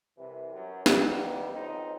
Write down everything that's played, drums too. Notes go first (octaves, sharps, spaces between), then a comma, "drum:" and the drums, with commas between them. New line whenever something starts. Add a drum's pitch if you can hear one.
C2 C3 E3
F#2
D#3 G3 A#3 B3, drum: snare
B1 F2 C4 D#4